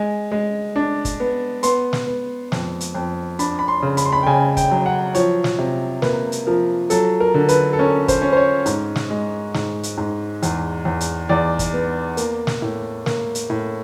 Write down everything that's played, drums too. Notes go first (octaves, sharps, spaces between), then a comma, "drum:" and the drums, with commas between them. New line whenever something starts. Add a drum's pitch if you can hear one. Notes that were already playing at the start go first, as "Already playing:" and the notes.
Already playing: G#3 G#5
G#3
D4
drum: kick, hi-hat
B3
B3 C6, drum: hi-hat
drum: snare
B3
F2, drum: snare
drum: hi-hat
F2
D4 B5, drum: hi-hat
B5
C6
C#3
B5, drum: hi-hat
C6
B5
G5
C#3 G#5
G5, drum: kick, hi-hat
F#3
F#5
F3 C#5, drum: hi-hat
drum: snare
C3
A#3 B4, drum: snare
drum: hi-hat
F3 A#4
F#3 A4, drum: hi-hat
A#4
D3
B4, drum: hi-hat
A4
C#4 A#4
C5, drum: kick, hi-hat
C#4
C5
C#5
G#2, drum: hi-hat
drum: snare
G#3
G#2, drum: snare
drum: hi-hat
G#2
E2, drum: hi-hat
E2
drum: hi-hat
E2 D5
drum: kick, hi-hat
B3
A#3, drum: hi-hat
drum: snare
A2
A#3, drum: snare
drum: hi-hat
A2